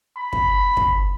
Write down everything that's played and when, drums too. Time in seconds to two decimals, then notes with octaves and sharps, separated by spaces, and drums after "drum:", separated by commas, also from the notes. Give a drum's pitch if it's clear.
0.18 B5
0.33 drum: kick
0.77 drum: kick